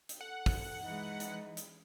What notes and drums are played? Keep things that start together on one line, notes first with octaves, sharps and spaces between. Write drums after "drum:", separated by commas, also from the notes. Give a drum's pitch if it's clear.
drum: hi-hat
A4 F#5
drum: kick, open hi-hat
E3 G#3 D#4
drum: hi-hat
drum: hi-hat